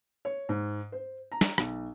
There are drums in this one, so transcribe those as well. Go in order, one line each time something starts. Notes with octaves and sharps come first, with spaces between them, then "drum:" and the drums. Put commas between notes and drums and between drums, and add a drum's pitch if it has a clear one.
C#5
G#2
C5
A#5
drum: snare
B1, drum: rim click